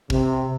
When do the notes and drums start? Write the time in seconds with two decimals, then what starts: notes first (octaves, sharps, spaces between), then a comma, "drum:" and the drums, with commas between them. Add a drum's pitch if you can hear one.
0.10 C3, drum: kick